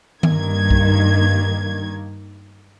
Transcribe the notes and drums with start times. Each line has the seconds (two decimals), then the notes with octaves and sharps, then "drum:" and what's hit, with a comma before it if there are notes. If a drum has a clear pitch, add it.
0.23 G2 D#3 A#3 G#6, drum: tom D#3
0.70 drum: kick B1